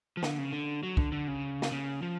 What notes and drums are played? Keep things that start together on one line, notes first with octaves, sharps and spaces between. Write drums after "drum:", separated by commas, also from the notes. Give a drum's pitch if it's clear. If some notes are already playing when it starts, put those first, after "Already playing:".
F3
D3, drum: snare
C#3
D3
F#3
D3, drum: kick
D3
C#3
drum: snare
C#3
F3